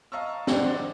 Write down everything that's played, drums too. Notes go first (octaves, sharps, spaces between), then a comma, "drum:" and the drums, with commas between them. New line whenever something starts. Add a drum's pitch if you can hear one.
D#5 F5 A5 A#5 C#6 E6
C4 D4 D#4 C5 D5 F#5, drum: snare